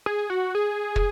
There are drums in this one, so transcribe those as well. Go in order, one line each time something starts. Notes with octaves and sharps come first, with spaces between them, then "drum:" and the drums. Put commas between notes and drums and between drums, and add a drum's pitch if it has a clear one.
G#4
F#4
G#4
drum: kick